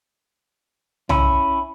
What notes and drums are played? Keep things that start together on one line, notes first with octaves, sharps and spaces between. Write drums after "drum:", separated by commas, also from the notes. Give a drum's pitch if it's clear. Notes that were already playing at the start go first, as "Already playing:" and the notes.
C#4 E4, drum: tom B1